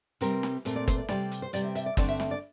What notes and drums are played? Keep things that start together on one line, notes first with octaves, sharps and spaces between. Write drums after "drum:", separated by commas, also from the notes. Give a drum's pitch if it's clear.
C3 G3 C4 A#4, drum: hi-hat
drum: snare
A#2 A3 C4, drum: hi-hat
D5
C5, drum: kick, hi-hat
D5
C3 G3 C4 D5, drum: snare
drum: hi-hat
C5
C3 G3 C4 D5, drum: hi-hat
E5
E5, drum: hi-hat
D5
G2 D3 A3 C4 D5, drum: kick, open hi-hat
E5
drum: snare
D5